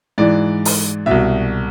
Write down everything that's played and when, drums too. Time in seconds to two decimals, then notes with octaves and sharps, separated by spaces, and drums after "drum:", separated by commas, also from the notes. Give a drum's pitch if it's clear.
0.18 G#2 E3 D5
0.65 drum: open hi-hat
1.06 C2 B2 E5